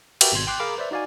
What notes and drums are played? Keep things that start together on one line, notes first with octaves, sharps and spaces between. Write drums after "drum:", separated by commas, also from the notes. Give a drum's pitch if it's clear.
F#4 G4 A#4 B4 E5 G5, drum: cymbal
G#1 B2 C6 G#6
G5 C6 D6 F#6
G#4 A#4 F5 A#5 B5 D6
B4 C5 D5 E5
D#4 F#4 D5 F5 G#5